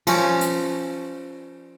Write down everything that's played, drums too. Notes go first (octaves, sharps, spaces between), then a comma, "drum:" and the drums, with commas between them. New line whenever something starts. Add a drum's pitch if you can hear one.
F3 C#4, drum: cymbal
drum: hi-hat